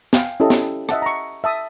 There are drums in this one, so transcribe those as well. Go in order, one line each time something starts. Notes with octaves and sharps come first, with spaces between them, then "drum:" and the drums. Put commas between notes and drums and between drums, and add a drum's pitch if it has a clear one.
F5 G5 G#5, drum: snare
C#4 E4 G4 A4 D#5
drum: snare
D#5 E5 F#5 A5, drum: rim click
A#5 C#6
E5 A5 D#6